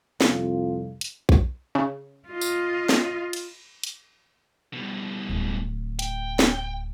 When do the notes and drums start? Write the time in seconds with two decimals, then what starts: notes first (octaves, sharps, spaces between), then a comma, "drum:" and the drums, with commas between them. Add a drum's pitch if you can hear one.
0.21 C2 F2 F4, drum: snare
1.01 drum: hi-hat
1.29 drum: kick
1.75 C#3
2.28 F4 D#5
2.41 drum: tambourine
2.89 drum: snare
3.33 drum: cymbal
3.83 drum: hi-hat
4.73 B2 G3
5.29 D1
5.99 G5, drum: hi-hat
6.39 drum: snare